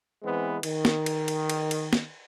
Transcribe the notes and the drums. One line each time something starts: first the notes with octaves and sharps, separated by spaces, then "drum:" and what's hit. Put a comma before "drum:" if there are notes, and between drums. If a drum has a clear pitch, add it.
E3 G#3 B3 C4
D#3, drum: cymbal
drum: snare
drum: cymbal
drum: cymbal
drum: cymbal
drum: cymbal
drum: snare